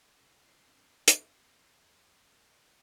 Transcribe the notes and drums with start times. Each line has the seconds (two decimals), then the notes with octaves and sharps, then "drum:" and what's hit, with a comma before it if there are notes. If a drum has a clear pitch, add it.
0.18 D1 B1 C#3
0.42 A#2 C#3 E3 C7
0.66 G#1 C4 D4
1.08 C4, drum: hi-hat
1.84 F2